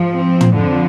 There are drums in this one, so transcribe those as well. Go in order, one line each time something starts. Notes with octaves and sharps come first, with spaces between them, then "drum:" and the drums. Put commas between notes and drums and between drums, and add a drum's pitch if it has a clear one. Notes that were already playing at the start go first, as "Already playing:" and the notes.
Already playing: G#2 F3
C4
drum: tom
F2 D3 F3